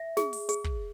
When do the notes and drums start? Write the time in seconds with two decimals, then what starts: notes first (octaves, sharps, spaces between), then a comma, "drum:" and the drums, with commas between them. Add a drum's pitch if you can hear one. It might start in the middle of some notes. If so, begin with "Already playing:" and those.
Already playing: E5
0.17 G#4, drum: snare
0.33 drum: open hi-hat
0.49 G#4, drum: hi-hat
0.64 drum: kick